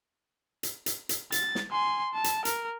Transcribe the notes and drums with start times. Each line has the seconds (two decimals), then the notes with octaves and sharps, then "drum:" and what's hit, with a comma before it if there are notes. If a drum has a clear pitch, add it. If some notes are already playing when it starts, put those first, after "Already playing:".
0.63 drum: hi-hat
0.86 drum: hi-hat
1.09 drum: hi-hat
1.32 A6, drum: hi-hat
1.55 drum: snare
1.71 G#5 C6
2.13 A5
2.24 drum: hi-hat
2.45 A#4, drum: hi-hat